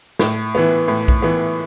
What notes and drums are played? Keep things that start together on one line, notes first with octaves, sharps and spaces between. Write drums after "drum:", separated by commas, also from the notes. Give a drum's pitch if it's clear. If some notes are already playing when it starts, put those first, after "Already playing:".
A2, drum: snare
E3 B3
A2
drum: kick B1
E3 B3